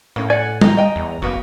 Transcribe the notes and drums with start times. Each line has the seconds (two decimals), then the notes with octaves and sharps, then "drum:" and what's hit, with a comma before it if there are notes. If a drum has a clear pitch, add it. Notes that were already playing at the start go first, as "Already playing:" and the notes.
0.16 A2 A#3 C#4
0.30 D5 F#5 G#5
0.61 B3 G4 A#5, drum: tom G3
0.77 D#5 G5 G#5
0.96 E2
1.22 F#1 A#3 B3 F#4